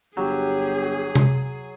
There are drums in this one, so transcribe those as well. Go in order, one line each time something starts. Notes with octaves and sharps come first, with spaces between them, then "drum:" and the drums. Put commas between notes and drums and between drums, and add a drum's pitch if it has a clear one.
G1 F#3 G4 G#4
drum: tom C3